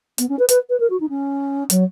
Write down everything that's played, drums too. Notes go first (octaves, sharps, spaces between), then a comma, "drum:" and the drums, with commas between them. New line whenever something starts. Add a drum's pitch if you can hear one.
B3, drum: hi-hat
C#4
B4
B4, drum: hi-hat
B4
A#4
F#4
D#4
C#4
F#3, drum: hi-hat